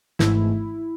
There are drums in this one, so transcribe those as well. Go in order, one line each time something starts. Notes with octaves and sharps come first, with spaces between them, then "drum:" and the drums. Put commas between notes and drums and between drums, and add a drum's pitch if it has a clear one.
G#1 G#2 E3 A3 E4, drum: snare